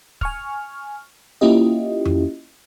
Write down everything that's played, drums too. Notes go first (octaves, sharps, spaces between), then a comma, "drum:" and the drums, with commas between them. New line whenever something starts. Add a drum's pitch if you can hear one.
G#5 C#6 F6, drum: kick
A#3 C#4 E4 F4 G4 D#5
drum: tom F2